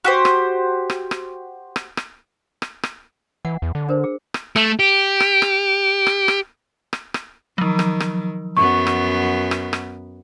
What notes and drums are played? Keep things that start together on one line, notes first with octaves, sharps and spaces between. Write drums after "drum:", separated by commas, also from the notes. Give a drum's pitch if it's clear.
F#4 G4 C5
drum: rim click
drum: rim click
drum: rim click
drum: rim click
drum: rim click
drum: rim click
drum: rim click
E3 F#5
E2
D3
D4 A#4 C5
G#4
drum: rim click
A3, drum: rim click
G4
drum: rim click
drum: rim click
drum: rim click
drum: rim click
drum: rim click
drum: rim click
D#3 F3 F#3
drum: rim click
drum: rim click
F#2 B3 C#6
drum: rim click
drum: rim click
drum: rim click